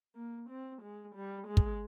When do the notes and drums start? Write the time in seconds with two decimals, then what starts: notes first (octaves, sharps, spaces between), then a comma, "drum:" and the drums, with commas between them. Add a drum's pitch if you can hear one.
0.15 A#3
0.49 C4
0.82 G#3
1.15 G3
1.47 G#3
1.57 drum: kick